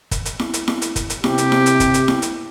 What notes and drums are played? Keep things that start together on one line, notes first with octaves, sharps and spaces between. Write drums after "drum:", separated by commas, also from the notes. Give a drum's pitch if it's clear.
drum: kick, hi-hat
drum: hi-hat
drum: snare E4
drum: hi-hat
drum: snare E4
drum: hi-hat
drum: kick, hi-hat
drum: hi-hat
C3 G4, drum: snare E4
drum: hi-hat
drum: snare E4
drum: hi-hat
drum: kick, hi-hat
drum: hi-hat
drum: snare E4
drum: hi-hat